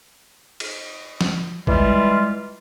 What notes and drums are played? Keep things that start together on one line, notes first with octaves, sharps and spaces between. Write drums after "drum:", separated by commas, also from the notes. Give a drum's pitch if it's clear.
drum: cymbal
drum: snare
E3 G3 G#3 F4, drum: kick G#1